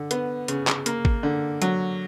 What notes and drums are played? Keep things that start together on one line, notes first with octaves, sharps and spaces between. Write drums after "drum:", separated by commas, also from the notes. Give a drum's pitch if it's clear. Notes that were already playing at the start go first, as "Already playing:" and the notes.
Already playing: D3
B3, drum: hi-hat
C#3, drum: hi-hat
drum: clap
A#3, drum: hi-hat
drum: kick G#1
D3
F#3, drum: hi-hat